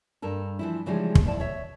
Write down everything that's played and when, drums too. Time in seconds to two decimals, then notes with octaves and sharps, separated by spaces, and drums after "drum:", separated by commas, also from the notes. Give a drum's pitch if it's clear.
0.22 G2 A4 A#4
0.59 E3 F3 E4
0.86 C#3 E3 F3 G3 G#3 D#4
1.15 drum: kick
1.25 A2 F3 E4 D5 A5
1.40 C#5 E5